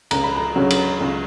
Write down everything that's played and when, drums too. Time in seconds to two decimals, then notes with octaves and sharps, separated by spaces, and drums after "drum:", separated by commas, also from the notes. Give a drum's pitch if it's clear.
0.11 C#2 A#5, drum: cymbal
0.24 B5
0.36 A#5
0.56 C#3 F#3 C#4
0.70 drum: cymbal
1.00 C#2